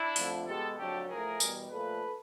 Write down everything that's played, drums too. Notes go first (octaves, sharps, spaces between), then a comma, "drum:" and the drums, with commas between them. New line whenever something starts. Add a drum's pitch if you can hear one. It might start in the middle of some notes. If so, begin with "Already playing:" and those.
Already playing: D4 E4
F2 D3 F3 A3, drum: open hi-hat
B2 G#3 G4 A4
F2 D3 F#3 A3 G4 A4
A2 F3 A3 G#4 A#4
E2 B2 G3, drum: tambourine
A#2 F3 A3 A4 B4